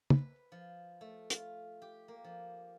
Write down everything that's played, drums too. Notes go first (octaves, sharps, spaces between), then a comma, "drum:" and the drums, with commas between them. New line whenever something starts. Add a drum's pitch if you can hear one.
B4, drum: tom
F3
A3
F4, drum: hi-hat
G4
A#3
F3